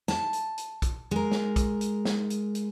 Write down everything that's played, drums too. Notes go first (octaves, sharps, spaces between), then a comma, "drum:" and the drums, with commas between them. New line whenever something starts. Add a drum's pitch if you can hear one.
A5, drum: snare
drum: hi-hat
drum: hi-hat
drum: kick, hi-hat
G#3 A#4
drum: snare
drum: kick, hi-hat
drum: hi-hat
drum: snare
drum: hi-hat
drum: hi-hat